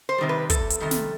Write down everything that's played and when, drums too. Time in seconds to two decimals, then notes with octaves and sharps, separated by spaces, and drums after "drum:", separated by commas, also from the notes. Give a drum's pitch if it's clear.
0.09 C5
0.18 C3 D#3 G3
0.29 B4
0.50 E2 A4, drum: kick, hi-hat
0.70 drum: hi-hat
0.80 C3 D#3 G3
0.91 drum: snare